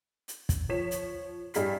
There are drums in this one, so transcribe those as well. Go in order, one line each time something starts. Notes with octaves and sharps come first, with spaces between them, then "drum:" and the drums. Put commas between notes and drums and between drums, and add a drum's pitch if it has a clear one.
drum: hi-hat
drum: kick, hi-hat
F3 C#5 B6 E7
drum: hi-hat
G2 G#4 B6 C7, drum: hi-hat